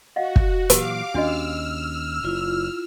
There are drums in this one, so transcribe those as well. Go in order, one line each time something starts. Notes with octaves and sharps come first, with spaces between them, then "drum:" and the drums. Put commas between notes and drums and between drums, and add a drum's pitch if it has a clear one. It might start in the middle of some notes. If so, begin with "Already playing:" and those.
F#4 D#5 F5 F#5
drum: kick
A#2 E3 F#3 G4 F5 D6, drum: hi-hat
D#2 C#4 D4 F#4 D#5 E6 F6
F#1 E4 F4